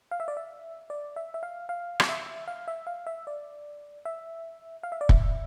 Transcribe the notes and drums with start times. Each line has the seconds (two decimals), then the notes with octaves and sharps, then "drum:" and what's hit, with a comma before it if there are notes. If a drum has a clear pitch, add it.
0.11 F5
0.20 E5
0.28 D5
0.37 E5
0.90 D5
1.16 E5
1.34 E5
1.43 F5
1.69 F5
2.00 drum: rim click
2.09 E5
2.48 F5
2.68 E5
2.87 F5
3.07 E5
3.27 D5
4.05 E5
4.83 F5
4.92 E5
5.01 D5
5.09 E5, drum: kick